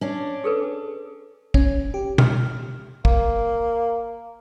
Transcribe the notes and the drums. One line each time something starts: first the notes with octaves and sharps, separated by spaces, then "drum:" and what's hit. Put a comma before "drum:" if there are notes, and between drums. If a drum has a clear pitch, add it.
C#4 D4
G#4 A4 B4
C#4, drum: kick
G4
F6, drum: tom
A#3, drum: kick